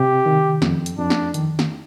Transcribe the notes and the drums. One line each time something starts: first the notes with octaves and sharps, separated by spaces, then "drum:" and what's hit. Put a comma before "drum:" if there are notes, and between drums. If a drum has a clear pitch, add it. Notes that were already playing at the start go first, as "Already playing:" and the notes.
Already playing: C3 G4
D#3
F2, drum: snare
drum: hi-hat
F2 D4
drum: snare
D#3, drum: hi-hat
drum: snare